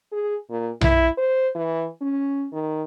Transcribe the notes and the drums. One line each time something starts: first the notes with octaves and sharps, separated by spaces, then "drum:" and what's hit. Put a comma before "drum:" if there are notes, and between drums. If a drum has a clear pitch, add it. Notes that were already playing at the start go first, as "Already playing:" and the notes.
G#4
A#2
E4, drum: tom B1
C5
E3
C#4
D#3